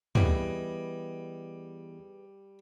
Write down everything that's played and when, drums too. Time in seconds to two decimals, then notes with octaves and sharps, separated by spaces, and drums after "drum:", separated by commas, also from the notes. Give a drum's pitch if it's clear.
0.15 E3 G3 B3 E4 G#4 B4 D#5, drum: tom